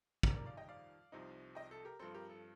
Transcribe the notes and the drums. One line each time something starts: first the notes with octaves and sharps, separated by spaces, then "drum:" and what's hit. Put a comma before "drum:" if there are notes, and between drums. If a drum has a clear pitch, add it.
F2 D#3 G3 A#4 D5, drum: kick
A#4 D5
D5 F5
D#5 G5
D5 F5
C2 C3 F3 C4 D#4
D#5 G5
A4
G4 A#4
G2 F3 C4 A4 C5
G4 A#4
A4